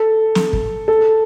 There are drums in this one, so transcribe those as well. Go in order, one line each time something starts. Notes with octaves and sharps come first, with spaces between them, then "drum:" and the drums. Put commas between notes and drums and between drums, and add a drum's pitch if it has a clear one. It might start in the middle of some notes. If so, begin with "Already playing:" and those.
Already playing: A4
drum: snare
drum: kick
A4